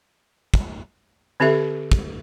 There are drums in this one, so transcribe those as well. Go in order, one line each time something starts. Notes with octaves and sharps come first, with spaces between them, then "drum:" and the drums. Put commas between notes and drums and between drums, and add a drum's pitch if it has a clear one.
drum: kick
D3 C4 G4 A4 E5
drum: kick